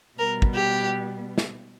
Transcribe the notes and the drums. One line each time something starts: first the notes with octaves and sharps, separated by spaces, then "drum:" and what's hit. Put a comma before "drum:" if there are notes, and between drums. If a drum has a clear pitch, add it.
B2 G3 B3 A#4
drum: kick
G4
drum: snare